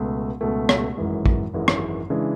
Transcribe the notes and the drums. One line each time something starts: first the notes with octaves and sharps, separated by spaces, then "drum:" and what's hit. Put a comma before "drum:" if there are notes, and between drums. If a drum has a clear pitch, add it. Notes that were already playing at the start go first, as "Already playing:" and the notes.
Already playing: C#2 B2 A3
C#2 B2 A3
drum: rim click
G#1 F#2 E3 G#3
drum: kick
G#1 F#2 E3 G#3
drum: rim click
C#3 E3 G#3 D4